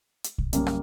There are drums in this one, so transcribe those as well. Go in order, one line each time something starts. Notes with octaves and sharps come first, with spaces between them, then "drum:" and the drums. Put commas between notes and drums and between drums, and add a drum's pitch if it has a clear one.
drum: hi-hat
drum: kick
F#2 C#3 G3 A#3, drum: hi-hat
drum: rim click